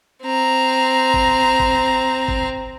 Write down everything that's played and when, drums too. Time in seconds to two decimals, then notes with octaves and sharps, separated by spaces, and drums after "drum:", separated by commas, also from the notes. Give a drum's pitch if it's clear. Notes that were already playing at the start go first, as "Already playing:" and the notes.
0.22 C4 A#5
1.14 drum: kick G1
1.60 drum: kick G1
2.28 drum: kick G1